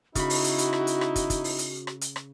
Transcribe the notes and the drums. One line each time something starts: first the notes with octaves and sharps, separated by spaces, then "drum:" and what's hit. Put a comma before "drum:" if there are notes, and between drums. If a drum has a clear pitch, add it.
C#3 D#4 E4 F#4 B5, drum: kick, hi-hat
drum: open hi-hat
drum: hi-hat
drum: hi-hat
drum: rim click
drum: hi-hat
drum: rim click
drum: kick, hi-hat
drum: kick, hi-hat
drum: open hi-hat
drum: hi-hat
drum: rim click
drum: hi-hat
drum: rim click